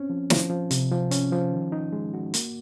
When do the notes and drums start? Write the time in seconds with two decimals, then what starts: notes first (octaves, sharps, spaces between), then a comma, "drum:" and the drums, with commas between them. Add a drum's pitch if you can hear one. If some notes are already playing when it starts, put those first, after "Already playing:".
Already playing: C4 C#4
0.10 F3
0.30 F3, drum: snare
0.50 F3
0.71 C3, drum: hi-hat
0.92 F3
1.11 C#4, drum: hi-hat
1.32 F3
1.53 D#3
1.72 D#4
1.92 G#3
2.14 F#4
2.34 A#3, drum: hi-hat